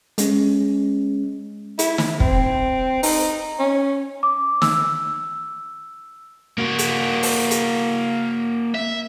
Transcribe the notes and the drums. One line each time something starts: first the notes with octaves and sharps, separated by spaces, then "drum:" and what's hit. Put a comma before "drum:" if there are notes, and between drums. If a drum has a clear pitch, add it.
G#3 C#4, drum: hi-hat
E4, drum: hi-hat
drum: snare
C4, drum: kick
D#4, drum: open hi-hat
C#4
D6
E6, drum: snare
A#3 F#4
drum: hi-hat
drum: open hi-hat
drum: hi-hat
E5